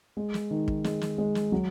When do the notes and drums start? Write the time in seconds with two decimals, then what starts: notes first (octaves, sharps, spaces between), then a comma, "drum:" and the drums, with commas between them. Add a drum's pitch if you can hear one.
0.17 G#3
0.34 drum: snare
0.51 D#3
0.68 drum: kick
0.84 G#3, drum: snare
1.01 drum: snare
1.18 G#3
1.35 drum: snare
1.52 F#3